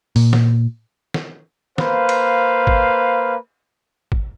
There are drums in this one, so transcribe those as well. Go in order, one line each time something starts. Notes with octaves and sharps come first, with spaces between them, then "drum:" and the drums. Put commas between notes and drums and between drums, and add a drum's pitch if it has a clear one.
A#2, drum: open hi-hat
drum: snare
drum: snare
A#3 B4 C5 F5, drum: snare
drum: cymbal
drum: kick G#1
drum: kick G#1